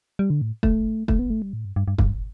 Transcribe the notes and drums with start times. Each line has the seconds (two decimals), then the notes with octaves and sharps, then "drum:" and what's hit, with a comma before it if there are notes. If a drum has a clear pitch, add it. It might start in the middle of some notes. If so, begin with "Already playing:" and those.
0.19 G3
0.30 D3
0.42 A2
0.63 A3, drum: kick
1.08 A3, drum: kick
1.19 B3
1.30 A3
1.42 G3
1.53 A2
1.65 G2
1.76 G2
1.88 G2
1.98 G2, drum: kick